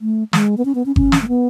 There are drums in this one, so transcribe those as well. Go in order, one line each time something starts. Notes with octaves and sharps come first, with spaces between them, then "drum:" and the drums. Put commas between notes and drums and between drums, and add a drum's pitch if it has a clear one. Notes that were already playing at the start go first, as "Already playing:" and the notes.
A3
G#3, drum: snare
B3
C#4
B3
C#4
C#4, drum: kick G1
drum: snare
A3
B3